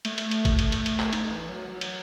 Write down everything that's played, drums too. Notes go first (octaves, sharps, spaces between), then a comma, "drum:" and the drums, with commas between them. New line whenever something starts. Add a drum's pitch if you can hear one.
A3, drum: cymbal
drum: cymbal
drum: cymbal
drum: kick G#1, cymbal
drum: cymbal
drum: cymbal
drum: cymbal
drum: clap
D#4, drum: cymbal
E3
F#3
F#3
drum: cymbal